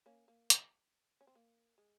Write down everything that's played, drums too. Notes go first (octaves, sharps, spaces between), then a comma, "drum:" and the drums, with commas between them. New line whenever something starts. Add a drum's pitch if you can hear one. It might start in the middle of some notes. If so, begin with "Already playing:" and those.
A#3 C#4
A#3
drum: hi-hat
C#4
C4
A#3
G#3